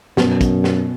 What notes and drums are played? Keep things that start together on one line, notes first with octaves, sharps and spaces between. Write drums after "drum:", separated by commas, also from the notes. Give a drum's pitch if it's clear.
F#2 B2, drum: snare
drum: kick, hi-hat
drum: snare